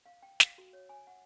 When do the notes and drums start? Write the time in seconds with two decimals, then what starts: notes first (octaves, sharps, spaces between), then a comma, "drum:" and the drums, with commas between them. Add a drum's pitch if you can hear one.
0.06 F5
0.22 G5
0.40 F5, drum: snare
0.58 F#4
0.73 C#5
0.89 G#5
1.07 F#5